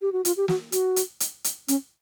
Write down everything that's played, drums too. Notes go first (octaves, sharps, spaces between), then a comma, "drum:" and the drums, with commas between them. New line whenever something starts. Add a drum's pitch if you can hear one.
G4
F#4
F4, drum: hi-hat
G4
F#4, drum: snare
F#4, drum: hi-hat
drum: hi-hat
drum: hi-hat
drum: hi-hat
C#4, drum: hi-hat